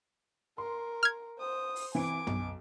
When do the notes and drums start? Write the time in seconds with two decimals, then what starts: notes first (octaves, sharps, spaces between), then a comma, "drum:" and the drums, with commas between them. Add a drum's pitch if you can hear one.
0.58 A#4 C6
1.03 F6 G#6
1.39 C5 D#6
1.76 drum: open hi-hat
1.95 E3 C4 G#5 D6 D7
2.27 B1, drum: tom